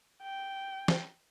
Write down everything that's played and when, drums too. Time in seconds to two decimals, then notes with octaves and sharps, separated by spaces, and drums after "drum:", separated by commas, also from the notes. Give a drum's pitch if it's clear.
0.23 G5
0.88 drum: snare